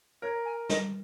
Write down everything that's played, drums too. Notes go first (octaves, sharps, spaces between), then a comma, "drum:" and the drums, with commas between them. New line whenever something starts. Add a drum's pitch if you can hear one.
A#4 C#5
G#5
D#5, drum: snare